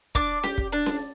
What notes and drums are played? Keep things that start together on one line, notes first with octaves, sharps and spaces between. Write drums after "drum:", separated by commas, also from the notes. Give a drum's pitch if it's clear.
D4 D6, drum: kick
G4, drum: snare C#4
drum: kick
D4
drum: snare C#4